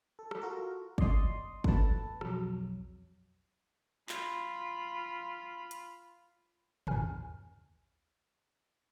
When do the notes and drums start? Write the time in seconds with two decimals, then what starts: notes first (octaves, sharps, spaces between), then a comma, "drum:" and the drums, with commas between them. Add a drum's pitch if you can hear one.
0.19 A4
0.31 drum: rim click
0.42 F4 F#4 A4 A#4
0.98 D5 D#5 C6 D#6, drum: kick
1.64 A4 B4 A5, drum: kick
2.21 B1 F2 F#3, drum: rim click
4.09 F4 B5, drum: clap
5.71 drum: hi-hat
6.87 A1 E3 G#5 F6, drum: tom